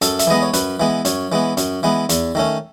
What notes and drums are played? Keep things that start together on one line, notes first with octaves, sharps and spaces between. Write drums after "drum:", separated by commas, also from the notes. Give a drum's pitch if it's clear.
F#2 A4, drum: hi-hat
E5, drum: hi-hat
E3 G#3 B3 D#5
C#5
F#2 B4, drum: hi-hat
E3 G#3 B3
F#2 C#5, drum: hi-hat
E3 G#3 B3
F#2, drum: hi-hat
E3 G#3 B3
E2, drum: hi-hat
D#3 A3 C#4